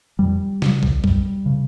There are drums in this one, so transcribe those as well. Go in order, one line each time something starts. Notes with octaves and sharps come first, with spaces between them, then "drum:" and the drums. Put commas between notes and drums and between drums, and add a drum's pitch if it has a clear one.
F2 G3
C#3, drum: snare
drum: kick
F#2 G3, drum: kick
C#3